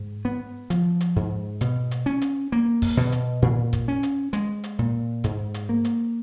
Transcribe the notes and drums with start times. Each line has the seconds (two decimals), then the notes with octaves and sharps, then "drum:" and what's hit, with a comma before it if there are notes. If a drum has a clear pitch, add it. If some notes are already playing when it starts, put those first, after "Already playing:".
Already playing: G#2
0.25 B3
0.70 F3, drum: hi-hat
1.01 drum: hi-hat
1.16 G#2
1.61 B2, drum: hi-hat
1.91 drum: hi-hat
2.06 C#4
2.22 drum: hi-hat
2.52 A#3
2.82 drum: kick, open hi-hat
2.97 B2
3.12 drum: hi-hat
3.42 A#2
3.73 drum: kick, hi-hat
3.88 C#4
4.03 drum: hi-hat
4.33 G#3, drum: hi-hat
4.64 drum: hi-hat
4.79 A#2
5.24 G#2, drum: hi-hat
5.54 drum: hi-hat
5.69 A#3
5.85 drum: hi-hat